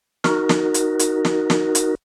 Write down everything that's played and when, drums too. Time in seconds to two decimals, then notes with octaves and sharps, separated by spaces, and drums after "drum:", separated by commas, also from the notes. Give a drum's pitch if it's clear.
0.24 D#4 F#4 A#4, drum: snare
0.49 drum: snare
0.74 drum: hi-hat
0.99 drum: hi-hat
1.25 drum: snare
1.50 drum: snare
1.75 drum: hi-hat